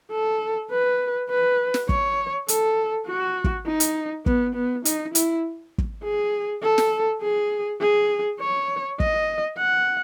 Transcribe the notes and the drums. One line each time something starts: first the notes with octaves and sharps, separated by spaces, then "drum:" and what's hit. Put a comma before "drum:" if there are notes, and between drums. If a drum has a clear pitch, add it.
A4
B4
B4
drum: snare
C#5, drum: kick
A4, drum: hi-hat
F#4
drum: kick
D#4
drum: hi-hat
B3, drum: kick
B3
D#4, drum: hi-hat
E4, drum: hi-hat
drum: kick
G#4
A4
drum: snare
G#4
G#4
C#5
D#5, drum: kick
F#5